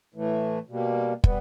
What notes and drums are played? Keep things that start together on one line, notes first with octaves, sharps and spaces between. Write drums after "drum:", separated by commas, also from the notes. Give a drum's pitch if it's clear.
A2 E3 A3
B2 G3 A#3
G3 B3, drum: kick